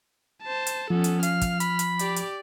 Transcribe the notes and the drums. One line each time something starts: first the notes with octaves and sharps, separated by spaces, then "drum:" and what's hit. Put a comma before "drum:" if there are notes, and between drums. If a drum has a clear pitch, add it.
C5 A5
drum: hi-hat
F3 B3 C#4 A4
drum: hi-hat
F5 F6, drum: hi-hat
drum: kick, hi-hat
B5, drum: hi-hat
drum: hi-hat
G4 D5, drum: hi-hat
drum: hi-hat